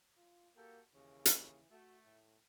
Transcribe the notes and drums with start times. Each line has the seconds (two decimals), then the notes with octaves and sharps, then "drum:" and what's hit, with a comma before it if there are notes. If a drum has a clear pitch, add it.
0.17 F4
0.56 A#3 F#4 G4 A4
0.94 D#2 C#3 E3
1.25 drum: hi-hat
1.71 A3 F#4
2.05 A2